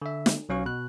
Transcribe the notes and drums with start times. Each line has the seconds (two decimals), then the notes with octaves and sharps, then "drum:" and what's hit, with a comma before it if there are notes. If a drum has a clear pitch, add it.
0.02 D3 E5
0.26 drum: snare
0.49 B1 F#3 C#4 F5 C#6
0.65 B2 F#6